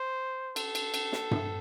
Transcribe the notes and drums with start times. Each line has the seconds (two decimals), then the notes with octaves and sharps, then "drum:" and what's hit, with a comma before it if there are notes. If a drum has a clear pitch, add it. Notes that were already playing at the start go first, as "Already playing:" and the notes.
Already playing: C5
0.56 A4, drum: cymbal
0.75 drum: cymbal
0.94 drum: cymbal
1.12 drum: snare
1.31 drum: tom G2